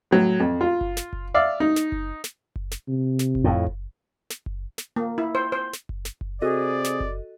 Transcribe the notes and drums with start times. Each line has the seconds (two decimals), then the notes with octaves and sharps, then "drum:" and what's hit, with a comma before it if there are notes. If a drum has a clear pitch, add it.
0.11 A2 F#3
0.40 F2
0.61 F4
0.81 drum: kick F#1
0.97 drum: snare
1.13 drum: kick F#1
1.34 D5 E5 F5
1.60 D#4
1.76 drum: snare
1.92 drum: kick F#1
2.24 drum: snare
2.56 drum: kick F#1
2.71 drum: snare
2.88 C3
3.19 drum: snare
3.35 drum: kick F#1
3.44 F2 A2
3.67 drum: kick F#1
4.30 drum: snare
4.46 drum: kick F#1
4.78 drum: snare
4.96 A#3
5.18 E4
5.35 C5
5.52 C5
5.73 drum: snare
5.89 drum: kick F#1
6.05 drum: snare
6.21 drum: kick F#1
6.42 C3 F#4 G#4 A4 D5 D#5
6.84 drum: snare
7.00 drum: kick F#1